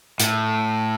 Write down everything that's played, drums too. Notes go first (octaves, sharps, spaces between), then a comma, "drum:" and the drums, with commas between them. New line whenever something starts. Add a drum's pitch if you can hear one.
A2, drum: hi-hat